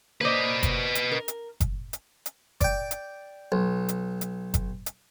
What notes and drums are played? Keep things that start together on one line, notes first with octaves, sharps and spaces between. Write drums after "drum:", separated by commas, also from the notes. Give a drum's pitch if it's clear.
A#3 B4 C5 D5 D#5
drum: kick F#1, hi-hat
drum: hi-hat
A#4
drum: hi-hat
drum: kick F#1, hi-hat
drum: hi-hat
drum: hi-hat
D5 G5, drum: kick F#1, hi-hat
drum: hi-hat
B1
drum: hi-hat
drum: hi-hat
drum: kick F#1, hi-hat
drum: hi-hat